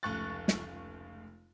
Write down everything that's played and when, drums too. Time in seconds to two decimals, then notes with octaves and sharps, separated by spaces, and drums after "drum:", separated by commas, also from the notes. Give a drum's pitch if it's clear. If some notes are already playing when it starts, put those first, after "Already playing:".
0.03 F1 C#2 A3 C#6 F#6 A6
0.48 drum: snare